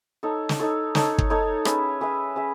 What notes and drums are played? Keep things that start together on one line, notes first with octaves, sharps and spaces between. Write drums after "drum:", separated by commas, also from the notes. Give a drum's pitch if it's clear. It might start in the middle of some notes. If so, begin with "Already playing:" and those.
D#4 A4 C#5
drum: snare
D#4 A4 C#5
D#4 A4 C#5, drum: snare
drum: kick
D#4 A4 C#5
C#4 G#4 B4 E5, drum: rim click
C#4 G#4 B4 E5
C#4 G#4 B4 E5